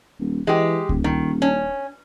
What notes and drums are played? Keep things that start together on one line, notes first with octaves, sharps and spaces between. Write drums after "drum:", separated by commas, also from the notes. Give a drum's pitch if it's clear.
D#1
E3 G#3 G4
D#1, drum: kick C#2
D#3
C#4